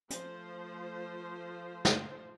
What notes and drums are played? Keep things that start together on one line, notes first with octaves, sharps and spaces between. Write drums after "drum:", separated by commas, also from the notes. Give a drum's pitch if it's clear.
F3 A3 F4 C5, drum: hi-hat
drum: snare